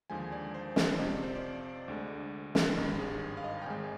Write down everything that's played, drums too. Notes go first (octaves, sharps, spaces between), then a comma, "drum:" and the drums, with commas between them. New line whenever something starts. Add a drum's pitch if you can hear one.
D#2 D3 F3 G#3 G#5
D5
C5
D#5, drum: snare
F2 C3 F3 D#5
D5
C5
D5
D2 D3 G#3
drum: snare
G#1 G2 D#3 D#5
G#4
F5
D#5
G5
G#1 G#2 D#3 G#3 G#5